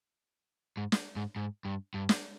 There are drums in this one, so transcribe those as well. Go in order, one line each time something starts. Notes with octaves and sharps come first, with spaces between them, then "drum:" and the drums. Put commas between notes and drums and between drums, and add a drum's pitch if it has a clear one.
G#2
drum: snare
G#2
G#2
G2
G2
drum: snare